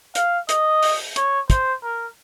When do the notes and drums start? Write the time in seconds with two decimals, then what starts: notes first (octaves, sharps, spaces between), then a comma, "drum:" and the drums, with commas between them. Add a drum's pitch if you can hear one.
0.15 F5, drum: hi-hat
0.49 D#5, drum: hi-hat
0.83 drum: open hi-hat
1.16 C#5, drum: hi-hat
1.50 C5, drum: kick, hi-hat
1.83 A#4